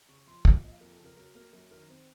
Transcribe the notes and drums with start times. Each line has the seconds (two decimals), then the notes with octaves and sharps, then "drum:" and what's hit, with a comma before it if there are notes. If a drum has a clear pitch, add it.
0.09 C#3 C#6
0.27 F3 C6
0.45 F3 F#5, drum: kick
0.55 F5
0.63 A#3 D#5
0.72 F5
0.81 F2 A#4
0.93 A4
0.99 C#3
1.05 A#4
1.17 F#3 A#4
1.35 A#3 A#4
1.53 F#2 A#4
1.71 D#3 A#4
1.89 C4